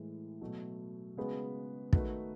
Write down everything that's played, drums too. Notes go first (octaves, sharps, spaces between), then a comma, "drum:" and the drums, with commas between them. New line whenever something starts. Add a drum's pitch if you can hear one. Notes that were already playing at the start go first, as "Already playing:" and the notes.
Already playing: A2 E3 G#3
B2 F#3 A3
C#3 G#3 B3 F#4 B4
D#3 A3 D#4 F#4 B4, drum: kick